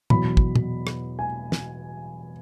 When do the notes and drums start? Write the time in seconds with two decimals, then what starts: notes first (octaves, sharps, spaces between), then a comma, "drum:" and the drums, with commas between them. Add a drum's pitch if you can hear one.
0.10 E2 B2 F#3 B5, drum: tom
0.37 drum: kick
0.55 drum: tom
0.87 drum: rim click
1.19 G#5
1.52 drum: snare